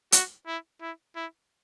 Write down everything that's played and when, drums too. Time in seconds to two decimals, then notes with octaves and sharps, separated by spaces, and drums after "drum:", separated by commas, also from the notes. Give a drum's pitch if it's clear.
0.12 F#4, drum: hi-hat
0.47 E4
0.81 E4
1.16 E4